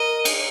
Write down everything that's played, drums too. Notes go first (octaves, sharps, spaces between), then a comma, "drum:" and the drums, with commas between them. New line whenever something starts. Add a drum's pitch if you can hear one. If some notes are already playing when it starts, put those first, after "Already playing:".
Already playing: A#4 D#5
drum: cymbal